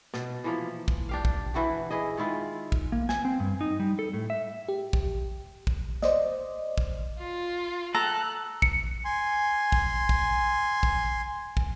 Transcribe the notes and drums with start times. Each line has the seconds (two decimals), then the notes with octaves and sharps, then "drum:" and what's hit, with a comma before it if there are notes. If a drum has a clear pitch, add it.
0.14 B2, drum: snare
0.44 E3 F3 A#3
0.88 drum: kick
1.09 D4 G4 F5
1.25 drum: kick
1.54 E3 E4 F#4 G4
1.90 E4 G#4 D#5
2.17 D#3 G#3 E4 F4
2.72 drum: kick
2.92 A#3
3.09 G#5, drum: snare
3.25 C4
3.40 G2
3.61 D#4
3.80 G3
3.99 A4
4.13 A2
4.30 E5
4.68 G4
4.93 drum: kick
5.67 drum: kick
6.02 C5 D5 D#5, drum: snare
6.78 drum: kick
7.18 F4
7.95 A4 A#5 F#6
8.62 C#7, drum: kick
9.05 G#5 C6
9.72 drum: kick
10.09 drum: kick
10.83 drum: kick
11.57 drum: kick